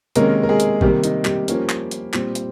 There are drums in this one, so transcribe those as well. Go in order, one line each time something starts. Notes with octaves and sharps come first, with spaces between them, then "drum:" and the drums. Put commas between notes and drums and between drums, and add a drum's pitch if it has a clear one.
C3 D#3 G#3 A#3 C#4 A#4, drum: hi-hat
A#4
G#3 G#4
drum: hi-hat
C3 D#3 G3 A#3 G4, drum: kick
D#4, drum: hi-hat
G3 G4, drum: clap
F3 A#3 C#4, drum: hi-hat
drum: clap
drum: hi-hat
A#2 G3 C4, drum: clap
drum: hi-hat